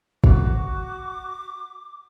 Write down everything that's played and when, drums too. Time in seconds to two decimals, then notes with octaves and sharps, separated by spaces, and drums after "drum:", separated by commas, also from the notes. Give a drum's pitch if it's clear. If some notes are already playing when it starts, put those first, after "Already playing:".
0.24 F#4 D6, drum: kick